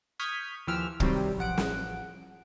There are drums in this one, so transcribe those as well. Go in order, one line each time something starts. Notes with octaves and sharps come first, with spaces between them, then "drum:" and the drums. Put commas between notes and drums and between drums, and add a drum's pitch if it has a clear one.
C#6 D#6 F6 G6 G#6 B6
D#2 E3 F3 G4 E6 F6
C3 D#3 F#3 G3 C4, drum: kick
A1 F3 F#5 D7
drum: snare